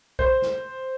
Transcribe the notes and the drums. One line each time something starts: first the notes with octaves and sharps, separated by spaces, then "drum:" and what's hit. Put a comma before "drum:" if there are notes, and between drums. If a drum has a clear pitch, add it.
C5, drum: kick
drum: snare